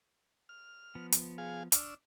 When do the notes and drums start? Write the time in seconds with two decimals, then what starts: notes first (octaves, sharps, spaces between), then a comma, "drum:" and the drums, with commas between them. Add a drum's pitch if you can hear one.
0.49 F6
0.95 F3 B3
1.12 drum: hi-hat
1.38 G#4 F5
1.72 D4 C#6 E6 F6, drum: hi-hat